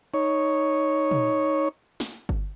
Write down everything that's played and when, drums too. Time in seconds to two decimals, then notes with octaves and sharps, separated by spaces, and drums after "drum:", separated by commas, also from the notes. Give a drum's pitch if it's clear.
0.14 D#4 C#5
1.11 drum: tom
2.00 drum: snare
2.29 drum: kick G1